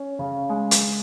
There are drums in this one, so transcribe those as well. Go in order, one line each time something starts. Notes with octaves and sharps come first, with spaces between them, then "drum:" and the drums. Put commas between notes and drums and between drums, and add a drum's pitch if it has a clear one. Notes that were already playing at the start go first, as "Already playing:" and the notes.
Already playing: C#4
C#3
G#3
drum: hi-hat